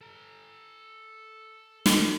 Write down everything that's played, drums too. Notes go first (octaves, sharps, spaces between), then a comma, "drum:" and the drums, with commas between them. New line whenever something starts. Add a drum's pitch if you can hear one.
A4 A#5
drum: snare